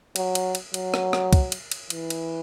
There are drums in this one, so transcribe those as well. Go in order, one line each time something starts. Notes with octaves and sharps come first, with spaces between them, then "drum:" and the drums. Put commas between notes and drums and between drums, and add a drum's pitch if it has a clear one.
F#3, drum: cymbal
drum: cymbal
drum: cymbal
F#3, drum: cymbal
drum: rim click
drum: rim click
drum: kick, cymbal
drum: cymbal
drum: cymbal
E3, drum: cymbal
drum: cymbal